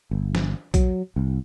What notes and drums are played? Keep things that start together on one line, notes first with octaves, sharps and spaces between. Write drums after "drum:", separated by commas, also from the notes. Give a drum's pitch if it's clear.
G1
drum: snare
F#3, drum: kick, hi-hat
C2